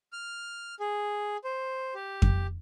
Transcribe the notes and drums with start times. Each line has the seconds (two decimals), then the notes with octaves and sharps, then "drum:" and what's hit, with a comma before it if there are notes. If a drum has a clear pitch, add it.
0.13 F6
0.80 G#4
1.44 C5
1.95 G4
2.22 drum: kick F2